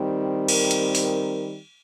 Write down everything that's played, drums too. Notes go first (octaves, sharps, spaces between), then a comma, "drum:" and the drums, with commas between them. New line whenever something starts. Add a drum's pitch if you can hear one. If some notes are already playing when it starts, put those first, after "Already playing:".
Already playing: D#3 G3 C4
A#4, drum: cymbal
drum: hi-hat
drum: open hi-hat
A#4